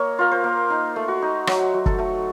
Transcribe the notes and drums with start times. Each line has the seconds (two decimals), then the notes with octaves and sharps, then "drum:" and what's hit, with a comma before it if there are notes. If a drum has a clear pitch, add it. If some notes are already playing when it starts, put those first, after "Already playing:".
Already playing: A#3 C#5 D#5
0.19 F4 A#4
0.32 C5
0.44 A#3
0.70 D#4
0.96 A3
1.08 F#4
1.22 D#4
1.47 F#3 F#4, drum: rim click
1.74 F#3
1.86 A4, drum: kick
1.99 A3